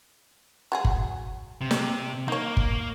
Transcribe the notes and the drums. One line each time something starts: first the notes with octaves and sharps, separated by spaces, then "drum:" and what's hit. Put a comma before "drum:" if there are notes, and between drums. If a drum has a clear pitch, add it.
F#3 G#3 G#4
drum: kick G1
C3
drum: snare
A#3 D#4 C#5
drum: kick G1